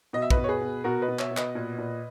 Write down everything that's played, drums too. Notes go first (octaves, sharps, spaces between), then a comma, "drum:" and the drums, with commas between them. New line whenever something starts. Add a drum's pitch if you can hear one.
B2 D#5
E5
B4 D#5, drum: kick
B2
C#5
G#4 B4
B2
B2 F#4 A#4
B4 D#5
B2
C#5 E5, drum: clap
B2
B4 D#5, drum: clap
A#2
A#2